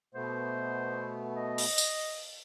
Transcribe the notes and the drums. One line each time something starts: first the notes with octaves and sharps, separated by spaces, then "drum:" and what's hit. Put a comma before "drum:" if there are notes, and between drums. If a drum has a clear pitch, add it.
B2 A3 B3 C5
D#5
drum: open hi-hat
drum: tambourine